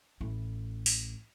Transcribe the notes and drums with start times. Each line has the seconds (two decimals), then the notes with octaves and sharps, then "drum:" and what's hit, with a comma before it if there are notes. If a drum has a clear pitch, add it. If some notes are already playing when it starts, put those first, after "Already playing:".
0.21 A1 E4
0.86 drum: open hi-hat